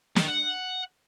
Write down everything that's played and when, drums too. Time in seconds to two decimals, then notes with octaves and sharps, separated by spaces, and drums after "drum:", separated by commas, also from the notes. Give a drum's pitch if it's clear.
0.16 D#3, drum: snare
0.29 F#5